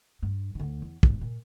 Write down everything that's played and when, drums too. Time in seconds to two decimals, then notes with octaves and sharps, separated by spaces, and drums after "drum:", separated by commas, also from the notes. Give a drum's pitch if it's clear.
0.22 G2
0.55 D2 D3
0.82 E2
1.03 E1 G#2, drum: kick
1.21 A#2